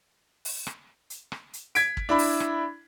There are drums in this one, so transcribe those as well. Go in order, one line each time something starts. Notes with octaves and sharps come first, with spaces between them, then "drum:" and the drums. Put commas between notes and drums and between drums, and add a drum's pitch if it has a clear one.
drum: open hi-hat
drum: rim click
drum: hi-hat
drum: rim click
drum: hi-hat
G#6 B6 D7, drum: hi-hat
drum: kick
D4 E4 B5
drum: open hi-hat
drum: rim click